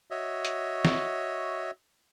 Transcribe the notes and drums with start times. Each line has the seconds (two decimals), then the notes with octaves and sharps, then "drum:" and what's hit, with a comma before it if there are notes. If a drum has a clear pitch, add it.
0.11 F#4 C#5 D#5 E5
0.45 drum: hi-hat
0.85 drum: snare